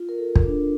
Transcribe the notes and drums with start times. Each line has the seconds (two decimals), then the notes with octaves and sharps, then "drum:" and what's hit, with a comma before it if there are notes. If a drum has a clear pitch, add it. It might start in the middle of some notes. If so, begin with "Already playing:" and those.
Already playing: F4
0.09 A#4
0.18 A4
0.36 drum: kick
0.46 D4